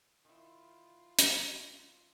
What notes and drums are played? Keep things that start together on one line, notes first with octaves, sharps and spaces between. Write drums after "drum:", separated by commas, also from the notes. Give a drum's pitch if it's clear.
D#3 E4 F4
drum: hi-hat